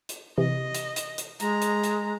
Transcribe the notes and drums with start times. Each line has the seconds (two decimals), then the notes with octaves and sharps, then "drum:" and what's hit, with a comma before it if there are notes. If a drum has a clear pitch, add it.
0.09 drum: hi-hat
0.38 C3 E3 D#5
0.74 drum: hi-hat
0.96 drum: hi-hat
1.18 drum: hi-hat
1.40 G#3 A#5, drum: hi-hat
1.62 drum: hi-hat
1.83 drum: hi-hat